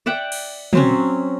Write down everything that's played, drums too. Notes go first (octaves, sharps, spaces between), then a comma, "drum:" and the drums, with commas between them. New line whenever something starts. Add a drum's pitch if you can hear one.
D5 E5 F#5 G5
drum: cymbal
F#3 C4 C#4, drum: tom